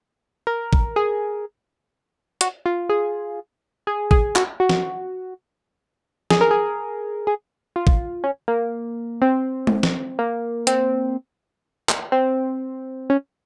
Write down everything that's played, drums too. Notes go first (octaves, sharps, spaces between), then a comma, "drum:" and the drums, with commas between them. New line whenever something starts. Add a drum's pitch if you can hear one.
A#4
drum: kick
G#4
F#4, drum: hi-hat
F4
G#4
G#4
G#4, drum: kick
F#4, drum: clap
F#4
drum: snare
G#4, drum: snare
A#4
G#4
G#4
F4
drum: kick
C#4
A#3
C4
drum: tom G#3
drum: snare
A#3
C4, drum: hi-hat
drum: clap
C4
C#4